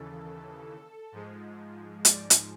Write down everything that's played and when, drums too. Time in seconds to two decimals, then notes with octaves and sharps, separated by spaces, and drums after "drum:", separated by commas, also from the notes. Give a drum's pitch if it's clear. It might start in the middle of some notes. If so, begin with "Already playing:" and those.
Already playing: D#2 C#3 E3 A4
1.12 G#2 F3 G#3
2.05 D5, drum: hi-hat
2.30 drum: hi-hat